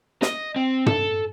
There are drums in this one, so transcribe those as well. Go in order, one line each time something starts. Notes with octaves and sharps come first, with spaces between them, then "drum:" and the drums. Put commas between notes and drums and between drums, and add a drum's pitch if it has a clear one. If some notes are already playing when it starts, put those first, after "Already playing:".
D#5, drum: snare
C4
A4, drum: tom